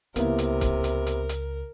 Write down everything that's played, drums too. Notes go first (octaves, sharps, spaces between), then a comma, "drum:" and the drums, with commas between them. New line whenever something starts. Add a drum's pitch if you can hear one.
C#2 C3 A#3 B3 E4 A#4, drum: hi-hat
drum: hi-hat
drum: kick, hi-hat
drum: hi-hat
drum: hi-hat
drum: hi-hat